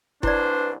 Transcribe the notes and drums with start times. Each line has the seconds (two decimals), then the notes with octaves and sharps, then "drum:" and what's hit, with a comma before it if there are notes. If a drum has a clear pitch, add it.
0.23 C2 G#2 D4 E4 B4 C5 D5, drum: kick F#1